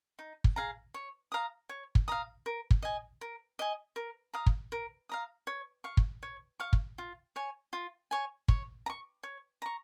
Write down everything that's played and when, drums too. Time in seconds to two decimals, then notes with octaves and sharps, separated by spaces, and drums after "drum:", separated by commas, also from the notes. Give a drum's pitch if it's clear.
0.19 D#4
0.44 drum: kick
0.56 G#4 F5 A#5
0.94 C#5
1.32 F5 A#5 D#6
1.69 C#5
1.95 drum: kick
2.08 F5 A#5 D#6
2.46 A#4
2.71 drum: kick
2.82 D#5 G#5
3.21 A#4
3.59 D#5 G#5
3.96 A#4
4.34 F5 A#5 D#6
4.46 drum: kick
4.72 A#4
5.09 F5 A#5 D#6
5.47 C#5
5.84 F5 C#6
5.97 drum: kick
6.23 C#5
6.60 F5 C#6
6.73 drum: kick
6.98 F4
7.36 C#5 G#5
7.73 F4
8.11 C#5 G#5
8.48 C#5, drum: kick
8.86 A#5
8.90 C#6
9.23 C#5
9.62 A#5 C#6